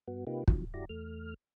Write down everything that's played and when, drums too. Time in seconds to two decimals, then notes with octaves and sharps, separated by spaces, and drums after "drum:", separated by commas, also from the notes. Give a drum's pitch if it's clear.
0.08 G2 B3 F#4
0.27 C3 A#3 D#4 F4 G4 B4
0.48 C3 D#3 F3 F#3, drum: kick
0.74 F#2 E4 F#4 G4 D5 A#5
0.89 E2 A3 F6